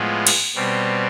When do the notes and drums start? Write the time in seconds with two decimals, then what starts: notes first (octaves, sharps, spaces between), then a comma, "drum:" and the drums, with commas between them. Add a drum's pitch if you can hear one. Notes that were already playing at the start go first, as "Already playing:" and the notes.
Already playing: A2 F3 G#3 B3
0.27 drum: cymbal
0.55 B2 G3 C4